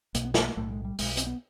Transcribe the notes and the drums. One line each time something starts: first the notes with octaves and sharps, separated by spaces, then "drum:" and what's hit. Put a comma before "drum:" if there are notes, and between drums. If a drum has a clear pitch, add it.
B1 B2 A#3, drum: hi-hat
B3
A#3, drum: snare
B1 A2 A3
G#3
G3
B1 B2 G#3, drum: open hi-hat
C4, drum: hi-hat
B3